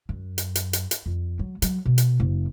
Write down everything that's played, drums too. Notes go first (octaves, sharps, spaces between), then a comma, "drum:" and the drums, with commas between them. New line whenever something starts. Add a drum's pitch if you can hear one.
F#2
drum: hi-hat
drum: hi-hat
drum: hi-hat
drum: hi-hat
F2
F#3
F#3, drum: hi-hat
B2
drum: hi-hat
F#1